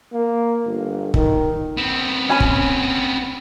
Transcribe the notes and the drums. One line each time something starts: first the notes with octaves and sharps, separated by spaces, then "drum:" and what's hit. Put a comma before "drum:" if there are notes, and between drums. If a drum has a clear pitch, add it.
A#3
G1
D#3, drum: kick
B3 C4
C#4 G#5 B5
drum: kick